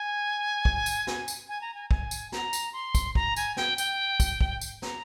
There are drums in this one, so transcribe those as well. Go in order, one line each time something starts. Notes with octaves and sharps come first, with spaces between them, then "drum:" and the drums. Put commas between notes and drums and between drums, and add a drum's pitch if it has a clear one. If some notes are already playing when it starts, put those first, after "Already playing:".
Already playing: G#5
drum: kick
drum: tambourine
drum: snare
drum: tambourine
G#5
A#5
G#5
G#5, drum: kick
drum: tambourine
A#5, drum: snare
drum: tambourine
C6
drum: kick, tambourine
A#5, drum: kick
G#5, drum: tambourine
G5, drum: snare
G5, drum: tambourine
drum: kick, tambourine
drum: kick
drum: tambourine
A#5, drum: snare